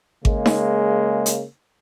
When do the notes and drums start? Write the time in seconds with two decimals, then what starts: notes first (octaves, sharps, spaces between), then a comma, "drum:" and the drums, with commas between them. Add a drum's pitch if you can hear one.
0.25 C#3 G#3 A#3, drum: kick G#1
0.46 drum: snare D#4
1.26 drum: hi-hat